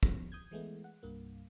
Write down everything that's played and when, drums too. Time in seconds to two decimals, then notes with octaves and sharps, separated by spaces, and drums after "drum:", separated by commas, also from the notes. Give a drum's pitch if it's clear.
0.03 F3 B3, drum: kick
0.32 D#6 G6 G#6
0.51 E3 G#3 A3 B3
0.84 F#5
1.03 C2 G2 A#3